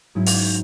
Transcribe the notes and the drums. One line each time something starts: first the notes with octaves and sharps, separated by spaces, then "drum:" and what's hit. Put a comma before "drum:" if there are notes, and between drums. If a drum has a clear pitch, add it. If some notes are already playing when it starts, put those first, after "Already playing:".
G#2 F#3 C#4 E4
drum: open hi-hat